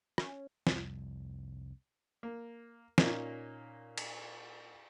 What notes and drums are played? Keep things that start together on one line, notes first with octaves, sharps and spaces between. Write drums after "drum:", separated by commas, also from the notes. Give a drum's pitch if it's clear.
C#4, drum: rim click
C2 F2, drum: snare
A#3
A#2 A#3 C#4 D#4, drum: snare
drum: cymbal